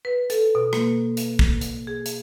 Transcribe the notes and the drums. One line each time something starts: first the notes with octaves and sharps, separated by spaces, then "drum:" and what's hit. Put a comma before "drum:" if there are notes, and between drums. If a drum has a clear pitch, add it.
B4
A4, drum: hi-hat
B2
A#3, drum: rim click
drum: hi-hat
drum: kick
drum: hi-hat
G#4
drum: hi-hat